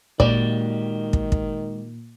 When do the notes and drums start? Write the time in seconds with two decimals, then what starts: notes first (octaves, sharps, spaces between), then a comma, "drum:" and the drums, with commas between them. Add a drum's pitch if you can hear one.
0.20 A#2 D#3 G#3 A#3 F#4 G4 D5, drum: kick
1.13 drum: kick
1.32 drum: kick